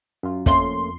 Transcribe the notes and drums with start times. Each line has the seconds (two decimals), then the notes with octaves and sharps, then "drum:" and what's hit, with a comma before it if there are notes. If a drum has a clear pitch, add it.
0.23 F#2 F4
0.46 F2 A3 A#3 C#4 C6, drum: kick, hi-hat